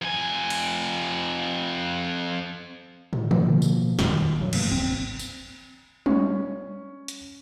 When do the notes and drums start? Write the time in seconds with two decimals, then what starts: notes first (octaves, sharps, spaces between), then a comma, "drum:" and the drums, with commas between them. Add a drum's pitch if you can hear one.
0.02 F2 G#5
0.50 drum: cymbal
3.13 drum: tom
3.31 B2 F3 A#3, drum: tom D3
3.62 drum: tambourine
3.99 E1 F#2 A#2 D#3, drum: snare
4.39 G2 F#3
4.53 G2 C3 E3 A#3, drum: cymbal
4.70 D1 G#1 C4
5.19 drum: tambourine
6.06 C#4, drum: tom G3
7.08 drum: hi-hat